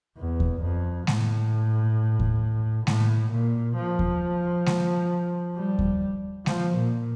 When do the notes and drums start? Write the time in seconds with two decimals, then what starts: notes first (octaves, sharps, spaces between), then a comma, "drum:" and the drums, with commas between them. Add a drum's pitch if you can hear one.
0.17 E2
0.40 drum: kick D#2
0.62 F2
1.07 A2, drum: snare G#3
2.19 drum: kick D#2
2.87 A2, drum: snare G#3
3.32 A#2
3.76 F3
3.99 drum: kick D#2
4.66 drum: snare G#3
5.56 G3
5.79 drum: kick D#2
6.46 F3, drum: snare G#3
6.76 A#2